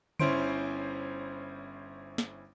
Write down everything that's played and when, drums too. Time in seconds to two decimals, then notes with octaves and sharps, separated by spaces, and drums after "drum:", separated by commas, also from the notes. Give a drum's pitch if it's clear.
0.20 G1 C#4 E4 C5 C6 D7, drum: tom C#3
2.18 drum: snare